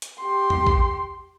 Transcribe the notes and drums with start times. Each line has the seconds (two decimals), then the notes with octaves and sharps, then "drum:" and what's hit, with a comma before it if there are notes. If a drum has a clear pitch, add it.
0.02 drum: hi-hat
0.20 G4 C6
0.50 drum: tom E2
0.67 drum: kick A1